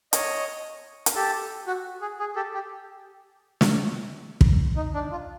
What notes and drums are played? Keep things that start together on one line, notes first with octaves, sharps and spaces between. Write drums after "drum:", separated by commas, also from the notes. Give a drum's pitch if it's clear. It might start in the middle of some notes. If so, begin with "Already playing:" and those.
C#5 D#5, drum: hi-hat
drum: hi-hat
G4 A4
F#4
G#4
G#4
G4 A4
G4
drum: snare
drum: kick
D#4
D4
F4